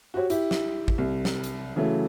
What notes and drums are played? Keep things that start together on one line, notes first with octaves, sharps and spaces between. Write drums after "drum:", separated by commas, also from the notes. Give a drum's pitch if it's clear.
F#4 G4 C#5
E4 G4, drum: hi-hat
drum: snare
drum: kick
C2
drum: snare
drum: hi-hat
C#3 E3 F#3 A3